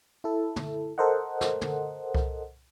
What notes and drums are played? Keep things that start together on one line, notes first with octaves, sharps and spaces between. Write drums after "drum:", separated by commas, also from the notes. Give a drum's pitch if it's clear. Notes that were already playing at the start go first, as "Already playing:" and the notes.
E4 A4
drum: tom
A4 A#4 C5 D#5 F#5
drum: snare
drum: tom
drum: kick C2